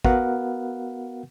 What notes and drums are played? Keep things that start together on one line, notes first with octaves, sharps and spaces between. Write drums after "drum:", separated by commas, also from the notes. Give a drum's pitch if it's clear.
B3 F#4 A#4 B4 F5 F#5, drum: kick